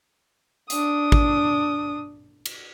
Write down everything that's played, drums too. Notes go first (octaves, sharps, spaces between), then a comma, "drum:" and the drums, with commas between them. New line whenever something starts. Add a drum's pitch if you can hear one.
D4 D#6, drum: hi-hat
drum: kick
drum: cymbal